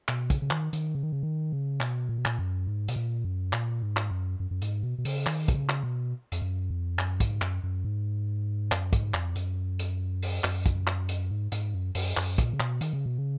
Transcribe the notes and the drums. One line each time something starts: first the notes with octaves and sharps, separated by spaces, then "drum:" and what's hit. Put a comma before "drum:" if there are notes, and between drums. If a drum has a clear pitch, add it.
B2, drum: clap
C#3, drum: kick, hi-hat
C#3
D#3, drum: clap
D#3, drum: hi-hat
C#3
D#3
C#3
D#3
C#3
B2, drum: clap
A#2
B2
A#2, drum: clap
F#2
G#2
B2, drum: hi-hat
A#2
F#2
A#2, drum: clap
G#2
drum: clap
F#2
F#2
F#2
G#2, drum: hi-hat
B2
B2
C#3, drum: open hi-hat
D#3, drum: clap
B2, drum: kick, hi-hat
C#3
drum: clap
B2
F2, drum: hi-hat
F#2
F2
F#2, drum: clap
G#2, drum: kick, hi-hat
F#2, drum: clap
F#2
G#2
F#2, drum: clap
G#2, drum: kick, hi-hat
F2, drum: clap
F#2, drum: hi-hat
drum: hi-hat
drum: open hi-hat
F#2, drum: clap
drum: kick, hi-hat
drum: clap
drum: hi-hat
G#2
G#2, drum: hi-hat
F#2
F#2, drum: open hi-hat
F#2, drum: clap
A#2, drum: kick, hi-hat
C#3
B2, drum: clap
D#3, drum: hi-hat
C#3
B2
C#3